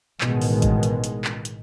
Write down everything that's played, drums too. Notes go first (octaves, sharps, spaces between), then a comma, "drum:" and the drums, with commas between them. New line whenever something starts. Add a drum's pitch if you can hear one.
A1 B2 D#3 G#3, drum: clap
drum: open hi-hat
drum: kick, hi-hat
drum: hi-hat
drum: hi-hat
drum: clap
drum: hi-hat